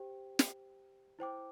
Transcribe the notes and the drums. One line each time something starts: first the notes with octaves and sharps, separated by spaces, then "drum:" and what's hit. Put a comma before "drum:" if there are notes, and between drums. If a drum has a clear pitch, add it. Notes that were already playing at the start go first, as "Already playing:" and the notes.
Already playing: G4 C5 G5
drum: snare
E4 C5 G5 D6